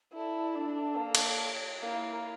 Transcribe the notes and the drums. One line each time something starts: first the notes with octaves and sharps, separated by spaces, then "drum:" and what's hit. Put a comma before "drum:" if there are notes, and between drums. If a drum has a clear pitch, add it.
E4 A4 D5 A5
D4
A#3
drum: cymbal
A#3 E4 A#4 F5 A#5